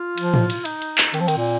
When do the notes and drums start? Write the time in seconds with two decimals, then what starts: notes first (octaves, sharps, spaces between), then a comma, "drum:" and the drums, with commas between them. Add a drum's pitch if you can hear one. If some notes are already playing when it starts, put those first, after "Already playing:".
Already playing: F4
0.18 F3, drum: cymbal
0.34 drum: tom A2
0.50 drum: cymbal
0.65 D#4, drum: cymbal
0.82 drum: cymbal
0.98 drum: clap
1.14 D#3 C4, drum: cymbal
1.21 F3
1.28 D#3, drum: cymbal
1.38 A#2